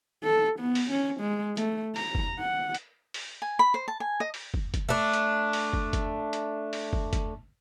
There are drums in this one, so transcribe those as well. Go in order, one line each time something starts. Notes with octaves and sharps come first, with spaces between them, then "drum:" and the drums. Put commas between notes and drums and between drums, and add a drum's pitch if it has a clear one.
A4
B3
drum: open hi-hat
C#4
G#3
A3, drum: hi-hat
A#5, drum: open hi-hat
drum: kick
F#5
drum: hi-hat
drum: open hi-hat
G#5
B5
C5
A5
G#5
D#5
drum: open hi-hat
drum: kick
drum: kick, hi-hat
A3 D4
drum: hi-hat
drum: open hi-hat
drum: kick
drum: kick, hi-hat
drum: hi-hat
drum: open hi-hat
drum: kick
drum: kick, hi-hat